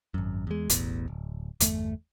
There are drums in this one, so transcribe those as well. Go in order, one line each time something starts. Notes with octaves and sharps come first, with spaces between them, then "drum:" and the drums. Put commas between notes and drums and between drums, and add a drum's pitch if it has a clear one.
G#1 F#2
E2 G#3
E1 A1 E2, drum: hi-hat
D1
G1 E2 A3, drum: hi-hat